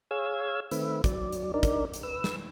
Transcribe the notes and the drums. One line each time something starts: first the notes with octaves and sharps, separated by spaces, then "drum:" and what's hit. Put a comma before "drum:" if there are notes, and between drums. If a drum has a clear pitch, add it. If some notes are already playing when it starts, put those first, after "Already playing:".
G#4 C#5 F5 E6 G#6
D#3 A3 C4 B4 E5, drum: hi-hat
F#3 D5, drum: kick, hi-hat
drum: hi-hat
D4 D#4 A#4 D5
drum: kick, hi-hat
drum: hi-hat
B4 E6
drum: snare